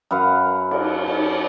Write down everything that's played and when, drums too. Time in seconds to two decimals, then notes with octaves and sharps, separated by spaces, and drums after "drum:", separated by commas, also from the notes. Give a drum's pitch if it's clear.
0.11 F#2 B4 F5 F#5
0.71 drum: cymbal
1.08 drum: cymbal